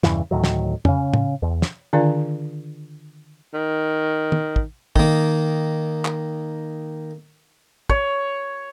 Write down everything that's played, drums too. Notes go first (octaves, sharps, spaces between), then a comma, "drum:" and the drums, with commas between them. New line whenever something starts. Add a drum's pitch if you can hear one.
E2 G2 C#3 E3, drum: snare
D2 A2 D#3 F#3
drum: snare
C#3 C#4, drum: tom F2
drum: tom
E2
drum: snare
D3 D#3 D4 F4 D5 F5
D#3
drum: tom
drum: kick
D#3 A#3, drum: kick
drum: clap
C#5, drum: kick